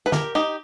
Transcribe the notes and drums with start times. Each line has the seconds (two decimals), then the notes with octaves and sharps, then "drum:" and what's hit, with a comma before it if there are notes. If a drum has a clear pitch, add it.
0.06 B4
0.12 G4 A#4, drum: snare
0.35 D#4 G4